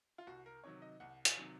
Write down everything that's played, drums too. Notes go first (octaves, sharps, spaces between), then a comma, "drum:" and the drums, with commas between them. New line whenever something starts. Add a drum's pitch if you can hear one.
F4
C2 F#4
A#4
C3 D#3 F#3 C#5
D#5
C2 F#5
G#5, drum: hi-hat
C3 D#3 F#3